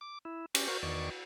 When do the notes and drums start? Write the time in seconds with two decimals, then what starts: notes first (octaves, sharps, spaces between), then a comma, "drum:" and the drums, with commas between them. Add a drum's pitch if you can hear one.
0.01 D6
0.25 E4
0.55 C#4 G4, drum: cymbal
0.68 F#4 A#4 C5 C#6
0.83 E2 D#3 D5 C#6